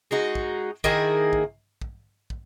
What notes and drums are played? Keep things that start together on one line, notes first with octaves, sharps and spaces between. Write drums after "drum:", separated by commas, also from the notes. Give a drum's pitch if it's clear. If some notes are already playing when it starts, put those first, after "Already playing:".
G#3 D#4 F#4
drum: kick
D#3 A#3 E4 G#4, drum: kick
drum: kick
drum: kick
drum: kick